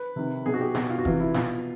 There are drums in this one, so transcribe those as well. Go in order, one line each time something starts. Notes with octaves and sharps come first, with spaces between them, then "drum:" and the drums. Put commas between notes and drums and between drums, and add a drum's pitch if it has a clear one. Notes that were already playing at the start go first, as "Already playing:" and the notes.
Already playing: B4
C3 D#3
B2 G#4
F#4
G4
B2 F#4, drum: snare
F4
F#4
C3 E3 F4, drum: kick
E4
B2 F4, drum: snare